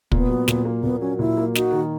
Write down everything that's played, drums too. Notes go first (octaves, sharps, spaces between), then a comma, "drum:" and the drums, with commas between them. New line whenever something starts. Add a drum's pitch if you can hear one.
A#2 B3, drum: kick
F#3
A#2, drum: snare
A#3
A#2 B3
F#3 C#4
A#2 E4
A#3
D#4 F#4, drum: snare
D#3